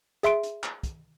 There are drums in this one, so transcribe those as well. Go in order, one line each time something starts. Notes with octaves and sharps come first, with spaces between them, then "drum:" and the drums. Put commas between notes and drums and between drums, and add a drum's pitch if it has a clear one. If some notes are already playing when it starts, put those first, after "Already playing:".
G#4 E5 C6 D7, drum: hi-hat
drum: hi-hat
drum: clap
drum: kick, hi-hat